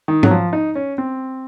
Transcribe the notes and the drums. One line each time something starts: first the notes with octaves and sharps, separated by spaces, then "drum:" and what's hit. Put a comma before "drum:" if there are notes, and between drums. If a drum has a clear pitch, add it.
D#3
F#3, drum: tom G#2
F3
D#4
C#4
C4